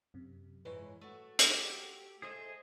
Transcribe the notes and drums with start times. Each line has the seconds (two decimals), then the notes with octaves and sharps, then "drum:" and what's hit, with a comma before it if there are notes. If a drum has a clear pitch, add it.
0.14 F#2 C3
0.65 G#2 E3 G#3 B4 C#5
1.01 A3 F#4 E6
1.39 G4, drum: hi-hat
2.22 G#4 A4 C5 D#5 E5